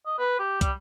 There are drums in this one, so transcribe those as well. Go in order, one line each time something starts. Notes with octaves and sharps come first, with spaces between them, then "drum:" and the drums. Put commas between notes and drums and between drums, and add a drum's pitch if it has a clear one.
D#5
B4
G4
G3, drum: kick, hi-hat